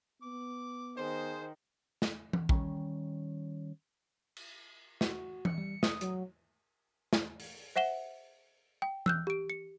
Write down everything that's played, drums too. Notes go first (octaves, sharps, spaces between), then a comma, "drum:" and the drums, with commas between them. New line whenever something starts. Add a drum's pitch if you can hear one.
B3 D6
D#3 G#4 C5
drum: snare
drum: tom E3
D#3 G3 C#4, drum: kick
drum: cymbal
F#4, drum: snare
C#7, drum: tom E3
G3
D#6, drum: snare
F#3, drum: hi-hat
drum: snare
drum: open hi-hat
C5 E5 F#5 E7 G7
G5
E6 F#6 G6, drum: tom E3
G4 D7
C#7